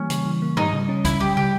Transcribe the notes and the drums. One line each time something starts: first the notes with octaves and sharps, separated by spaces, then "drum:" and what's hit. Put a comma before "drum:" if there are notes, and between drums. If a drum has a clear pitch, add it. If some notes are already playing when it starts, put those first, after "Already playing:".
Already playing: E3 G3 A#3 C#4
C#3, drum: hi-hat
E3
A#3
G3 D#4, drum: tom G2
C#3
C#4
C#3 E4, drum: kick, hi-hat
G3 G4
C#3 G4